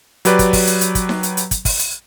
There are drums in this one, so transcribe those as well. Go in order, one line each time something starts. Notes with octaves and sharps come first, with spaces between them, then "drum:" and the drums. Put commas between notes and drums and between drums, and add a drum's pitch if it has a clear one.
F#3 G4 B4 D5, drum: hi-hat
drum: kick, hi-hat
drum: kick, open hi-hat
drum: hi-hat
drum: hi-hat
drum: kick, hi-hat
drum: snare D#4
drum: hi-hat
drum: hi-hat
drum: kick, hi-hat
drum: kick, open hi-hat
drum: hi-hat